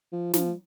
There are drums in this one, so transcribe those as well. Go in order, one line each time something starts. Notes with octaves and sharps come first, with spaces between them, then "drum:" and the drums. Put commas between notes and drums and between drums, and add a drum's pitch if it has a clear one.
F3
F3, drum: snare